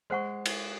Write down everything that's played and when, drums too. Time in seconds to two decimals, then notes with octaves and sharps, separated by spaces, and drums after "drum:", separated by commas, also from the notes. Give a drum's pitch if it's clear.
0.10 G#3 C5 F#5 C#6
0.46 drum: cymbal